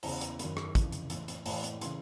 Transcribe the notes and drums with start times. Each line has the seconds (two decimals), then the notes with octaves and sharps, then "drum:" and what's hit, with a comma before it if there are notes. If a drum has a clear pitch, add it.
0.03 E2 C#3 E3 A#5, drum: open hi-hat
0.21 A#5, drum: hi-hat
0.39 F#2 D#3 B5, drum: hi-hat
0.57 drum: rim click
0.75 F2 C#3 E3, drum: kick, hi-hat
0.92 drum: hi-hat
1.10 A2 E3, drum: hi-hat
1.28 drum: hi-hat
1.46 A2 E3, drum: open hi-hat
1.64 drum: hi-hat
1.81 C#3 E3 C6, drum: hi-hat